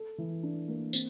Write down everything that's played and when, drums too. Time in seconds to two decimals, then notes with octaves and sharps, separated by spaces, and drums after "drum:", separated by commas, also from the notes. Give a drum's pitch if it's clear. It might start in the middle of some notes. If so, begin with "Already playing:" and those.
Already playing: A4
0.18 E3
0.43 D4
0.68 A#3
0.93 C4, drum: tambourine